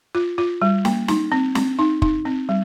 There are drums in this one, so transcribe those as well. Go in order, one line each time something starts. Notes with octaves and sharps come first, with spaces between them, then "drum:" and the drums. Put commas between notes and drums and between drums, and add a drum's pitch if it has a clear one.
F4
F4
G3
A#3, drum: snare
D#4, drum: snare
C4
C4, drum: snare
D#4
D#4, drum: kick
C4
G3